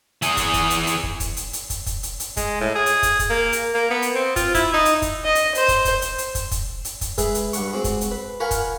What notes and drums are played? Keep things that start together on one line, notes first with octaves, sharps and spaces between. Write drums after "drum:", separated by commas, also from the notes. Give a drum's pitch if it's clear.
E3 G#4, drum: hi-hat
drum: kick, hi-hat
drum: kick, hi-hat
drum: hi-hat
drum: hi-hat
drum: kick
drum: kick, hi-hat
drum: hi-hat
drum: hi-hat
drum: kick, hi-hat
drum: kick, hi-hat
drum: hi-hat
drum: hi-hat
G#3, drum: kick, hi-hat
A2
G#4
drum: hi-hat
drum: kick, hi-hat
drum: kick, hi-hat
A#3
drum: hi-hat
A#3
B3
drum: hi-hat
C4
F4, drum: kick, hi-hat
E4, drum: kick, hi-hat
D#4
drum: hi-hat
drum: kick, hi-hat
D#5
drum: hi-hat
C5, drum: hi-hat
drum: kick, hi-hat
drum: kick, hi-hat
drum: hi-hat
drum: hi-hat
drum: kick, hi-hat
drum: kick, hi-hat
drum: hi-hat
drum: kick, hi-hat
G#3 G#4 B4 E5, drum: kick, hi-hat
drum: hi-hat
G2 F#5 C#6, drum: hi-hat
G#3 C4 F#4
drum: kick, hi-hat
drum: hi-hat
B4
F4 A#4 F#5 G#5 B5 C#6
drum: kick, hi-hat